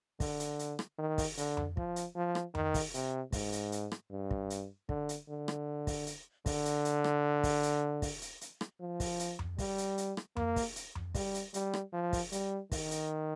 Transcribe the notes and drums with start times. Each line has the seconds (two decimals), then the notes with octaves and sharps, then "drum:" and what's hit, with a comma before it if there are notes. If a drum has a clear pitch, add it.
0.20 D3, drum: kick, open hi-hat
0.40 drum: hi-hat
0.59 drum: hi-hat
0.79 drum: rim click
0.99 D#3
1.18 drum: kick, open hi-hat
1.37 D3, drum: hi-hat
1.57 drum: tom F2
1.77 F3, drum: kick
1.96 drum: hi-hat
2.16 F3
2.35 drum: rim click
2.55 D#3, drum: tom F2
2.74 drum: kick, open hi-hat
2.94 C3, drum: hi-hat
3.32 G#2, drum: kick, open hi-hat
3.52 drum: hi-hat
3.72 drum: hi-hat
3.92 drum: rim click
4.11 G2
4.31 drum: kick
4.50 drum: hi-hat
4.89 D3, drum: kick
5.09 drum: hi-hat
5.29 D3
5.48 drum: rim click
5.87 drum: kick, open hi-hat
6.07 drum: hi-hat
6.46 D3, drum: kick, open hi-hat
6.65 drum: hi-hat
6.85 drum: hi-hat
7.04 drum: rim click
7.43 drum: kick, open hi-hat
7.63 drum: hi-hat
8.02 drum: kick, open hi-hat
8.22 drum: hi-hat
8.41 drum: hi-hat
8.61 drum: rim click
8.81 F3
9.00 drum: kick, open hi-hat
9.19 drum: hi-hat
9.39 drum: tom F2
9.58 G3, drum: kick, open hi-hat
9.78 drum: hi-hat
9.98 drum: hi-hat
10.17 drum: rim click
10.36 A#3, drum: tom F2
10.56 drum: kick, open hi-hat
10.76 drum: hi-hat
10.95 drum: tom F2
11.15 G3, drum: kick, open hi-hat
11.34 drum: hi-hat
11.54 G3, drum: hi-hat
11.74 drum: rim click
11.93 F3
12.13 drum: kick, open hi-hat
12.32 G3, drum: hi-hat
12.72 D#3, drum: kick, open hi-hat
12.91 drum: hi-hat